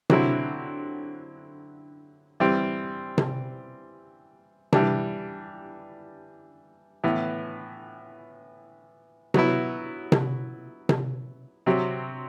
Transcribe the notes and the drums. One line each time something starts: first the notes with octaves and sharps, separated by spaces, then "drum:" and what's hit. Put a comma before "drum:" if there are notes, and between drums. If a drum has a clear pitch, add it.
D3 F#3 C4 E4, drum: tom C3
E3 G3 C4
drum: tom C3
E3 G3 D4, drum: tom C3
A2 E3 B3
F#3 B3 E4, drum: tom C3
drum: tom C3
drum: tom C3
C3 F#3 C4